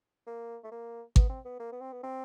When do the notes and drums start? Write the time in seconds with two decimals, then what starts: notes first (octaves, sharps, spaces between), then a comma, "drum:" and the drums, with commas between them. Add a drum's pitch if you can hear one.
0.27 A#3
0.64 A3
0.71 A#3
1.16 B3, drum: kick G#1
1.30 C4
1.45 B3
1.60 A#3
1.72 B3
1.81 C4
1.93 B3
2.03 C4